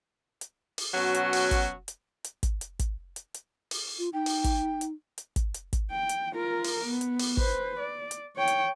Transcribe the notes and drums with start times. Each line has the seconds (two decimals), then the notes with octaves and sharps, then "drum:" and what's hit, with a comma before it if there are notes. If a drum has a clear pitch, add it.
0.41 drum: hi-hat
0.78 drum: open hi-hat
0.94 B2 F#3 C#4 F#4
1.14 drum: hi-hat
1.33 drum: open hi-hat
1.51 drum: kick, hi-hat
1.88 drum: hi-hat
2.24 drum: hi-hat
2.43 drum: kick, hi-hat
2.61 drum: hi-hat
2.79 drum: kick, hi-hat
3.16 drum: hi-hat
3.34 drum: hi-hat
3.71 drum: open hi-hat
3.99 F4
4.13 D#4 G5
4.26 drum: open hi-hat
4.44 drum: kick, hi-hat
4.81 drum: hi-hat
5.18 drum: hi-hat
5.36 drum: kick, hi-hat
5.54 drum: hi-hat
5.73 drum: kick, hi-hat
5.91 G5
6.09 drum: hi-hat
6.34 F4 A#4
6.64 drum: open hi-hat
6.85 B3
7.01 drum: hi-hat
7.19 drum: open hi-hat
7.37 B4 C5, drum: kick
7.80 D5
8.11 drum: hi-hat
8.36 C#5 G5
8.48 drum: hi-hat